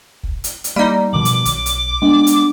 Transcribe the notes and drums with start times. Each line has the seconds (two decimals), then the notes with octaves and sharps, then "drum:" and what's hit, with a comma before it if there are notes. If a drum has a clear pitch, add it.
0.23 drum: kick
0.44 drum: hi-hat
0.64 drum: hi-hat
0.76 G3 A#3 D#4
1.13 B2 D#3 F3 D6 F#7
1.25 drum: hi-hat
1.45 B1, drum: hi-hat
1.66 drum: hi-hat
2.02 G#3 B3 D4
2.27 drum: hi-hat